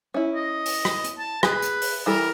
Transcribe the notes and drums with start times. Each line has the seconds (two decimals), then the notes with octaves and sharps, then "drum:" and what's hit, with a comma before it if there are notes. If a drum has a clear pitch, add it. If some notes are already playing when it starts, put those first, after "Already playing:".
0.14 C#4 E4
0.35 D#5
0.66 drum: open hi-hat
0.85 drum: rim click
1.04 drum: hi-hat
1.19 A5
1.43 G#4 B4, drum: rim click
1.62 drum: hi-hat
1.82 drum: open hi-hat
2.06 E3 G3 A4 A#4